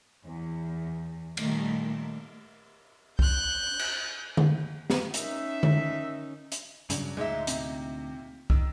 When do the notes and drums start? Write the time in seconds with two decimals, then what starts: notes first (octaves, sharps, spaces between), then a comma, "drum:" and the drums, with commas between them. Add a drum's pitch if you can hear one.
0.25 E2
1.37 A#2 D#3 G3 A3, drum: cymbal
3.19 F#6 G6, drum: kick
3.79 drum: cymbal
4.37 drum: tom D3
4.90 drum: snare
5.14 C#4 D#4 A#4 E5, drum: hi-hat
5.63 drum: tom D3
6.52 drum: hi-hat
6.90 G2 C#3 F#3 D4, drum: hi-hat
7.17 D2 G2 A#2 G#3 D#4 E5
7.47 C3, drum: hi-hat
8.50 D#3 E6, drum: kick